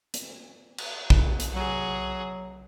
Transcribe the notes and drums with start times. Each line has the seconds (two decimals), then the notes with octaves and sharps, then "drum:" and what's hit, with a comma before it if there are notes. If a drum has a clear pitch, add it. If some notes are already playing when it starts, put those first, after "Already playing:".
0.14 drum: hi-hat
0.78 drum: cymbal
1.10 drum: kick
1.40 drum: hi-hat
1.53 F#3 F#4 G#4